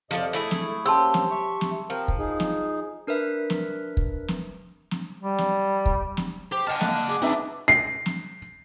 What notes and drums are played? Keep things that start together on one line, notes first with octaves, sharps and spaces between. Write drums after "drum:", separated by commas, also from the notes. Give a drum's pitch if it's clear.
F2 C3 F3 A4 D5 D#5
A3 E4 G#4 A4 E5
drum: snare
A#3 C#4 G4 C5 A5 C6 E6
drum: snare
E5 C#6
drum: snare
F3 C4 A#4
drum: kick
D#4 G#4
drum: snare
D4 A#4 B4 E5
drum: snare
drum: kick
drum: snare
drum: snare
G3
drum: snare
drum: kick
drum: snare
G4 C5
D#5 F#5 G5 A5 F6
A#3 D#5 F#6, drum: snare
G#4 D6
C4 D4 D#4 B4 E5
C7
drum: snare